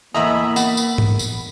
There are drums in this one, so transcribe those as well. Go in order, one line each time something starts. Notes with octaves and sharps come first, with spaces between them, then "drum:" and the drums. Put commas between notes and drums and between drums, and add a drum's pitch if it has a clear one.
E2 A2 A#3 D#5 E5 A#5 B5
B3 B5, drum: tambourine
drum: tambourine
drum: tom G#2
drum: tambourine